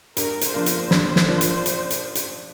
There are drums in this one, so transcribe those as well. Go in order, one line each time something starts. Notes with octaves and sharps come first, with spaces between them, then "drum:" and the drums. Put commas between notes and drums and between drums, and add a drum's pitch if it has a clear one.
G2 A#4, drum: hi-hat
drum: hi-hat
F3 D4 F4 A#4 C5
drum: hi-hat
G2, drum: snare
drum: snare
F3 D4 F4 A#4
drum: hi-hat
drum: hi-hat
drum: hi-hat
drum: hi-hat